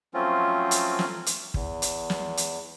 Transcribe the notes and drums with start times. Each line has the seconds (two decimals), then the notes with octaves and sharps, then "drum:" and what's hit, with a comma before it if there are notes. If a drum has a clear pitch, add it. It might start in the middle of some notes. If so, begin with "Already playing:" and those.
0.14 F3 F#3 A3 C4 C#4 F4
0.71 drum: hi-hat
0.99 drum: snare
1.26 drum: hi-hat
1.54 E2, drum: kick
1.82 drum: hi-hat
2.10 drum: snare
2.37 drum: hi-hat